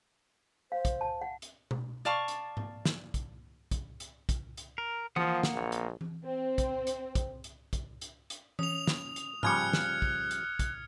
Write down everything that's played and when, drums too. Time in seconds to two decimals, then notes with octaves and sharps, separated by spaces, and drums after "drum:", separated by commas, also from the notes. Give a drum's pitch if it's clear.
0.72 C5 F5
0.85 drum: kick, hi-hat
1.01 A5
1.21 F#5
1.42 drum: hi-hat
1.71 drum: tom B2
2.05 D5 F5 A5 C#6
2.28 drum: hi-hat
2.57 drum: tom G#2
2.85 drum: snare
3.14 drum: kick, hi-hat
3.71 drum: kick, hi-hat
4.00 drum: hi-hat
4.29 drum: kick, hi-hat
4.57 drum: hi-hat
4.78 A#4
5.16 F3 A#3 F#5 D#6, drum: tom E3
5.43 drum: snare
5.54 A#1
5.72 drum: hi-hat
6.01 drum: tom E3
6.25 C4
6.58 drum: kick, hi-hat
6.87 drum: hi-hat
7.15 drum: kick, hi-hat
7.44 drum: hi-hat
7.73 drum: kick, hi-hat
8.01 drum: hi-hat
8.30 drum: hi-hat
8.59 C#4 D#6 F7, drum: tom E3
8.87 drum: snare
9.16 drum: hi-hat
9.43 C#3 F3 G3 F6 F#6 G#6 C#7, drum: tom G#2
9.73 drum: snare
10.02 drum: kick
10.31 drum: hi-hat
10.59 drum: kick, hi-hat